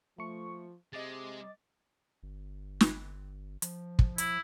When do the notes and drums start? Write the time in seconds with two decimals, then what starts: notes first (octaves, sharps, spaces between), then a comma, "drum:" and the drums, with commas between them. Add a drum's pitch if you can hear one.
0.18 F3 A3 C#6
0.93 C3 G#3 D#5 D6 A6
2.23 G1
2.81 drum: snare
3.62 F3, drum: hi-hat
3.99 drum: kick
4.18 E4, drum: hi-hat